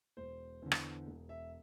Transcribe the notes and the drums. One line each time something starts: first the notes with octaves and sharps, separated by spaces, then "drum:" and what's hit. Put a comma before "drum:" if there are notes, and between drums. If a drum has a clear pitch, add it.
E1 C5
E2 D3
drum: rim click
E1
E5